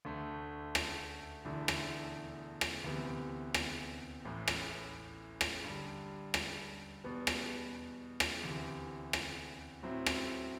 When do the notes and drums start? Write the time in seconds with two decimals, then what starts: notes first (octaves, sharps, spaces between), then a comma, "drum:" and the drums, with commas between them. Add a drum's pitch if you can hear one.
0.05 D2 D3 A3
0.75 drum: rim click
1.45 E1 E2 D3 A3 E4
1.68 drum: rim click
2.61 drum: rim click
2.84 D2 C3 E3 B3
3.54 drum: rim click
4.25 A1 A2 E3
4.48 drum: rim click
5.41 drum: rim click
5.64 G2 D3 G3
6.34 drum: rim click
7.04 E2 B2 G3 B3
7.27 drum: rim click
8.20 drum: rim click
8.44 D2 C3 E3
9.13 drum: rim click
9.83 A2 F#3 C4 E4
10.06 drum: rim click